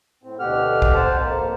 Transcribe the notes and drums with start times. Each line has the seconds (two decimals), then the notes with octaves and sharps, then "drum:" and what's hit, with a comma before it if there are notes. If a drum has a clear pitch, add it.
0.23 A2 C4
0.40 D2 B2 G4 F#5 F6
0.82 drum: kick B1
0.94 C5 F#5 A5
1.21 F2 A#3